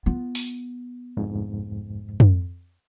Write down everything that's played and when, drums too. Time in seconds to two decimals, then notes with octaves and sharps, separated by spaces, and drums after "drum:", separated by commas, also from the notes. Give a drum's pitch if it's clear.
0.06 B3 F4
0.35 drum: open hi-hat
1.17 C2 F2 G#2
2.20 drum: tom